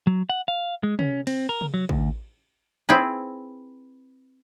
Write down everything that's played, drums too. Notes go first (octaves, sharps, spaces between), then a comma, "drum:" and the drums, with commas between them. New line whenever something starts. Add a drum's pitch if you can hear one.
F#3
F#5
F5
G#3
C#4, drum: tom C3
C4, drum: cymbal
A#4
drum: tom C3
F#3
D2, drum: kick A1
C4 E4 G#4 B4